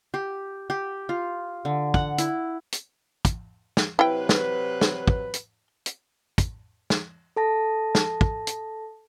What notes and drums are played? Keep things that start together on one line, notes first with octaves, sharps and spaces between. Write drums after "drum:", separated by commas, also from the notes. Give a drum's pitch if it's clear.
G4
G4
F4
D3
F#5, drum: kick
E4, drum: hi-hat
drum: hi-hat
drum: kick, hi-hat
drum: snare
C3 F#3 E4 B4 G5
drum: snare
drum: snare
drum: kick
drum: hi-hat
drum: hi-hat
drum: kick, hi-hat
drum: snare
A4 A5 A#6
drum: snare
drum: kick
drum: hi-hat